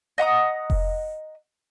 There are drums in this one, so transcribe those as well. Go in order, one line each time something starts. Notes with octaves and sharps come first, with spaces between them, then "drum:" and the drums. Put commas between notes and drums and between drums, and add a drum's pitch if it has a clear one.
D#5 F#5 A#5 D#6
drum: kick F1